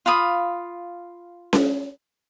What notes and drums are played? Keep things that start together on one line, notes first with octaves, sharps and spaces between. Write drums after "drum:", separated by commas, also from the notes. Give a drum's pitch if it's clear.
F4 F5 B5 D#6
drum: snare C#4